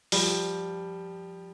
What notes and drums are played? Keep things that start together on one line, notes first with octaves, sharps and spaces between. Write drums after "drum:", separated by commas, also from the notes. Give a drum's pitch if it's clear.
F3 G3, drum: open hi-hat